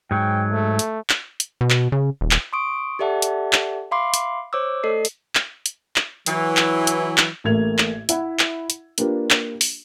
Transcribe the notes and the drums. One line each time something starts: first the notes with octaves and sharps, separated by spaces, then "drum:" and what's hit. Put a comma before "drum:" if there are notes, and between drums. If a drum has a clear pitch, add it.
G#2 F#3 G5
A3
drum: hi-hat
drum: clap
drum: hi-hat
B2
drum: clap
C#3
D#1
drum: clap
C6 C#6 D#6 D7
G4 A4 D5 E5 F#5 A5
drum: hi-hat
drum: clap
E5 F5 B5 C6 D6 C7
drum: hi-hat
C5 C#5 D6 E6
A3 A4 D5 D#5 C7
drum: hi-hat
drum: clap
drum: hi-hat
drum: clap
E3 F#3, drum: hi-hat
drum: clap
drum: hi-hat
drum: clap
A1 A2 A3 A#3 G#6 F7
drum: clap
E4 E5 F#5 B5, drum: hi-hat
drum: clap
drum: hi-hat
A#3 D4 F4 G4 B4, drum: hi-hat
drum: clap
drum: open hi-hat